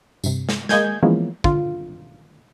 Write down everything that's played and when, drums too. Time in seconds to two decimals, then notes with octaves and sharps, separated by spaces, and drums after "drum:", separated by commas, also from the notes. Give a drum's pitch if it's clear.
0.24 G2 C3, drum: tambourine
0.49 drum: snare
0.69 G#3 A#3 D#5 G#5 G6 G#6, drum: snare
1.03 E3 F3 G#3 A#3 B3 C#4
1.44 D3 F4, drum: kick